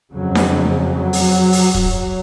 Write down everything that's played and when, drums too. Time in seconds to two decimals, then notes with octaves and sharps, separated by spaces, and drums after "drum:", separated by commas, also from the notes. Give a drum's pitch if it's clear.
0.13 F2 C#3 F#3
0.35 drum: snare D4
0.94 F#3
1.13 drum: open hi-hat
1.52 drum: open hi-hat
1.74 F#3, drum: kick